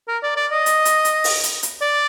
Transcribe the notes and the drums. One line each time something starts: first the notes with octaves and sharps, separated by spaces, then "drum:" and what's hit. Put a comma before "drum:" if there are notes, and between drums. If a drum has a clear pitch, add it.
A#4
D5
D5
D#5
drum: hi-hat
drum: hi-hat
drum: hi-hat
drum: open hi-hat
drum: hi-hat
drum: hi-hat
D5